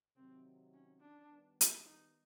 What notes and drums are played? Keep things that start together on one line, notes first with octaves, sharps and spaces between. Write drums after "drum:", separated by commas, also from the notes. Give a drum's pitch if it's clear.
C3 D#3 F#3 C4
C#4
D4
D#3 G3 B3
drum: hi-hat
D#4